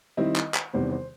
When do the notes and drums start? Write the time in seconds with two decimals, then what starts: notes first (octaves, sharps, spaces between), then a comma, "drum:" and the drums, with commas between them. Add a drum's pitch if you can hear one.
0.17 D#3 G3 C4 E4 D#5
0.36 drum: clap
0.54 drum: clap
0.73 E2 C3 D#3 G3 B3 C5
0.91 C5